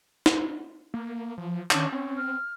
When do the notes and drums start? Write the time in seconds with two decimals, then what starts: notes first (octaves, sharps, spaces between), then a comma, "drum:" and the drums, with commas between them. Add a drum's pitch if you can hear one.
0.26 drum: snare
0.94 A#3
1.37 F3
1.71 D#3 C#4 D4 A5, drum: clap
1.92 C4 C#4
2.17 F6